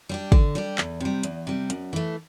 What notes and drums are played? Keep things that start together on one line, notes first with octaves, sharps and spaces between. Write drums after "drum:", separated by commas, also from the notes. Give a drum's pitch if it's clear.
G3 D4 G4
D3, drum: kick
G3 D4 G4
E2, drum: clap
C3 G3
E2, drum: hi-hat
C3 G3
F#2, drum: hi-hat
E3 A3